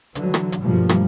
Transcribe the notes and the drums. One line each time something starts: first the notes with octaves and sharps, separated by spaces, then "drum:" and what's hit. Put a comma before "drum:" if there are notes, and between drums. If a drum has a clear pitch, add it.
D3 E3 F#3, drum: hi-hat
drum: rim click
drum: hi-hat
G2 B2 F3 G3 A3 A#3
drum: rim click